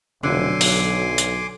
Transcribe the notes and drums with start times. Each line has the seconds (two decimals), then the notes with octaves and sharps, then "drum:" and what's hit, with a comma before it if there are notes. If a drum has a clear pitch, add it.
0.23 F1 B2 D3 F#3 G#5 C6 D6
0.61 B1, drum: open hi-hat
1.18 drum: hi-hat